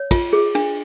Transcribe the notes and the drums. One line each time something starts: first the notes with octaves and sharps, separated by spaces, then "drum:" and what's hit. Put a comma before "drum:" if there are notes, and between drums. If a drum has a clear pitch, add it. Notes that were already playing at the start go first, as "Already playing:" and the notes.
Already playing: C#5
F4, drum: kick, cymbal
G#4
D4, drum: cymbal